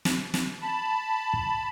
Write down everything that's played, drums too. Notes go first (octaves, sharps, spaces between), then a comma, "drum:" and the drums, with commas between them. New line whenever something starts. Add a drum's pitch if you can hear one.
drum: snare
drum: snare
A5 B5
drum: kick